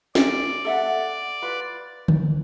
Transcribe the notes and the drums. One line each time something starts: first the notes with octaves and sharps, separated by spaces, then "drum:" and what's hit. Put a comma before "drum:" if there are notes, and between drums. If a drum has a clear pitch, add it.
D5, drum: snare
A4 E5 F#5
F4 B4
drum: tom D3